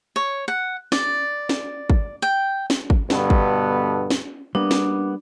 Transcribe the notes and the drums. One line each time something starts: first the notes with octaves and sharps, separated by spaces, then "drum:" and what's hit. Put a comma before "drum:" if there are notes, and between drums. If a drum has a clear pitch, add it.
C#5
F#5
D5, drum: snare
drum: snare
drum: kick
G5
drum: snare
drum: kick
G2 B2 D3 B3 A4 B4, drum: snare
drum: kick
drum: snare
G3 A#3 B3 D4
drum: snare